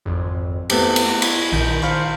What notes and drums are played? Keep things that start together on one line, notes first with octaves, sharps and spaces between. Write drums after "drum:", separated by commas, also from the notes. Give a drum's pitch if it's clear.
G#1 F2
A3 B3 C4 G4, drum: cymbal
drum: cymbal
A#5 C#6 D6
C#5 B5, drum: cymbal
A#1 D#3 B5 G6
C5 F5 B5 C#6